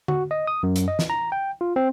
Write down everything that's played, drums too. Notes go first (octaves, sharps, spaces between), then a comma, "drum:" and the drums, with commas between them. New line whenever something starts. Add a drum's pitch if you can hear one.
F#4, drum: tom D3
D#5
D#6
F#2
drum: hi-hat
D#5
drum: snare
A#5
G5
F4
C4